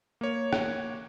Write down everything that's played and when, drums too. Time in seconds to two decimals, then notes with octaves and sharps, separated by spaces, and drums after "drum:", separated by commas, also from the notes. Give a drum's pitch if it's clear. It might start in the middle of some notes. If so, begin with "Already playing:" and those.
0.21 A#3 C#5
0.53 drum: rim click